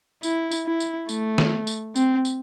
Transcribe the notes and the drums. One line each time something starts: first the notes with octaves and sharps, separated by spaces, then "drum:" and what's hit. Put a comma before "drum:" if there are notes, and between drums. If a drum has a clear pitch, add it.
E4, drum: tambourine
drum: tambourine
E4
drum: tambourine
A3, drum: tambourine
drum: snare
drum: tambourine
C4, drum: tambourine
drum: tambourine